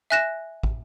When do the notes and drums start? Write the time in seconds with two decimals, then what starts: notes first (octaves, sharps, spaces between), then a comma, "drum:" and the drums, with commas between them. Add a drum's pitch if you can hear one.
0.10 E5 G#5 F#6 A#6 E7
0.63 drum: kick